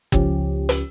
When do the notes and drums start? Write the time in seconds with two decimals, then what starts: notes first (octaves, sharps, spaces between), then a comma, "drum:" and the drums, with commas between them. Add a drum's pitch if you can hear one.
0.12 C#2 F3 C#4 G4, drum: kick
0.69 drum: hi-hat